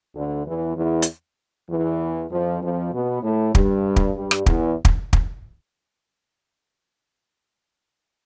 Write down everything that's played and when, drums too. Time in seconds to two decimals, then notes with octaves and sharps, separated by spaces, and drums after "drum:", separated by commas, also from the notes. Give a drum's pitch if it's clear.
0.15 D2 D3
0.47 E2 E3
0.77 E2 E3
1.02 drum: hi-hat
1.70 E2 E3
2.31 F2 F3
2.62 F2 F3
2.93 B2 B3
3.23 A2 A3
3.55 G2 G3, drum: kick
3.96 drum: kick
4.16 G2 G3
4.31 drum: rim click
4.46 E2 E3, drum: kick
4.85 drum: kick
5.13 drum: kick